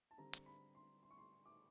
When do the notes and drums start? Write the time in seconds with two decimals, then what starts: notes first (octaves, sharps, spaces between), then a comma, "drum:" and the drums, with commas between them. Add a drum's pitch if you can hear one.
0.11 A5
0.18 D3 G3 C4 A#5
0.33 drum: hi-hat
0.46 B5
0.75 C6
1.03 C6
1.11 C#6
1.18 C6
1.45 D6